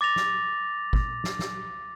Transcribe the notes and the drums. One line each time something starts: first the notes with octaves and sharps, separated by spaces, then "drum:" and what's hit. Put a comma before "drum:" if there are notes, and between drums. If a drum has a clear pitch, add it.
D6 A6 A#6 F7
drum: snare
drum: kick
drum: snare
drum: snare